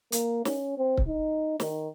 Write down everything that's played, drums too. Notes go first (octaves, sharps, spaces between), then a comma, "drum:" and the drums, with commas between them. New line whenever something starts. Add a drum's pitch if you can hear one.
A#3, drum: hi-hat
C#4, drum: snare
C4
drum: kick C#1
D#4
D#3, drum: snare